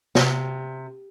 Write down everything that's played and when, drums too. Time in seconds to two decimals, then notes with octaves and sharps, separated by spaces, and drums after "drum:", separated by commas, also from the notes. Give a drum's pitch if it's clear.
0.15 C3, drum: snare